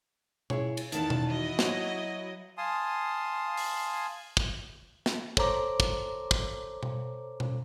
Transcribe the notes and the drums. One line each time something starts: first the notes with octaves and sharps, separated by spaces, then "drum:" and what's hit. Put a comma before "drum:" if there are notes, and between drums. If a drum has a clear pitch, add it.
E4 G#4 C#5, drum: tom B2
drum: cymbal
E2 G#2 D#3 A5, drum: hi-hat
drum: tom B2
E4 F#4 D#5
F#3, drum: snare
F5 G#5 A5 C6 D#6
drum: open hi-hat
drum: kick
drum: snare
A4 C5 C#5 A#5 D6, drum: kick
drum: kick
drum: kick
drum: tom B2
drum: tom B2